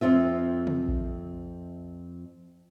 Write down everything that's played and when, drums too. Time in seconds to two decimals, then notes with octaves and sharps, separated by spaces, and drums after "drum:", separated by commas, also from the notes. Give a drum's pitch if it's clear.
0.01 F2 C4 F4 E5
0.67 drum: tom
0.88 drum: kick A#1